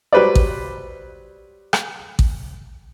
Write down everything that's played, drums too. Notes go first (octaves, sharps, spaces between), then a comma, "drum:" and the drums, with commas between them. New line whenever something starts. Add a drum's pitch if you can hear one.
F#3 G3 B4 C5 D5
drum: kick A1
drum: rim click
drum: kick A1